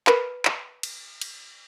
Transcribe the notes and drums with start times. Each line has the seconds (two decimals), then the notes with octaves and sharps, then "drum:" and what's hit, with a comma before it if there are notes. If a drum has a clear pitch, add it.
0.07 A#4 B4, drum: clap
0.45 drum: clap
0.83 drum: cymbal
1.21 drum: cymbal